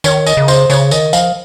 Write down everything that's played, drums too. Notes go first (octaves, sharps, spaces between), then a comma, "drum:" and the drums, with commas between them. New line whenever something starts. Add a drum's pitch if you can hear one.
D#3 C#5, drum: tambourine
D#5, drum: tambourine
C#3
C5, drum: tambourine
C#3 C#5, drum: tambourine
D#3 D#5, drum: tambourine
F3 F5, drum: tambourine